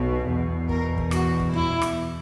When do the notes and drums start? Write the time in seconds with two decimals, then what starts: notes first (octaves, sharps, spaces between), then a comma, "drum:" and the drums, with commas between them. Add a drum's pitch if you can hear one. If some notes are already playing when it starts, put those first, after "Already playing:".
Already playing: B1 B2
0.27 E2 B2
0.69 A#4, drum: kick
0.98 drum: kick
1.11 F#4, drum: rim click
1.40 drum: kick
1.53 E4, drum: tom D#2
1.82 drum: rim click